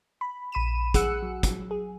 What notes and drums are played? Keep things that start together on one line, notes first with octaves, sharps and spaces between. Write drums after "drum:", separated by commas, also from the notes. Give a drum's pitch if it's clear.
B5
A#1 B5 D#7 E7
G#4 F#5 E6 F#6 C#7, drum: kick, hi-hat
F#3
drum: kick, hi-hat
G#4